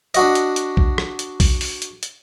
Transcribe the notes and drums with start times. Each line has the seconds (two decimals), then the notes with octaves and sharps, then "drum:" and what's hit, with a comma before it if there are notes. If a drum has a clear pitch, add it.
0.14 D4 F#4 D#5, drum: hi-hat
0.35 drum: hi-hat
0.56 drum: hi-hat
0.77 drum: kick B1
0.98 drum: rim click
1.19 drum: hi-hat
1.40 drum: kick B1, open hi-hat
1.61 drum: open hi-hat
1.82 drum: hi-hat
2.03 drum: hi-hat